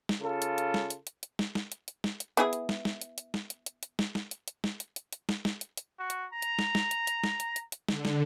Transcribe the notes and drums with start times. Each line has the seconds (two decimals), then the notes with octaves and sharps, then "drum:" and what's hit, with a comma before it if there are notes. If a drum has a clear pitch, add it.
0.09 drum: snare
0.21 C#3 F4 A4
0.42 drum: hi-hat
0.58 drum: hi-hat
0.74 drum: snare
0.90 drum: hi-hat
1.07 drum: hi-hat
1.23 drum: hi-hat
1.39 drum: snare
1.55 drum: snare
1.72 drum: hi-hat
1.88 drum: hi-hat
2.04 drum: snare
2.20 drum: hi-hat
2.37 B3 E4 G#4, drum: hi-hat
2.53 drum: hi-hat
2.69 drum: snare
2.85 drum: snare
3.01 drum: hi-hat
3.18 drum: hi-hat
3.34 drum: snare
3.50 drum: hi-hat
3.66 drum: hi-hat
3.83 drum: hi-hat
3.99 drum: snare
4.15 drum: snare
4.31 drum: hi-hat
4.48 drum: hi-hat
4.64 drum: snare
4.80 drum: hi-hat
4.96 drum: hi-hat
5.13 drum: hi-hat
5.29 drum: snare
5.45 drum: snare
5.61 drum: hi-hat
5.77 drum: hi-hat
5.99 F#4
6.10 drum: hi-hat
6.33 A#5
6.42 drum: hi-hat
6.59 drum: snare
6.75 drum: snare
6.91 drum: hi-hat
7.07 drum: hi-hat
7.24 drum: snare
7.40 drum: hi-hat
7.56 drum: hi-hat
7.72 drum: hi-hat
7.88 D3, drum: snare
8.05 drum: snare